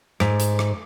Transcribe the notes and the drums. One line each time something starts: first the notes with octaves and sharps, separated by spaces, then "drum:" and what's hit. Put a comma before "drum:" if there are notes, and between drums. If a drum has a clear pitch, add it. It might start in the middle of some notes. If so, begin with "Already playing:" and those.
G#2, drum: rim click
drum: hi-hat
drum: rim click